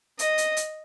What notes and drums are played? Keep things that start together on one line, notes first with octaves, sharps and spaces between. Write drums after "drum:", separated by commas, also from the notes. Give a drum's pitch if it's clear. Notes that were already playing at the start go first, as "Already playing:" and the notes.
D#5, drum: hi-hat
drum: hi-hat
drum: hi-hat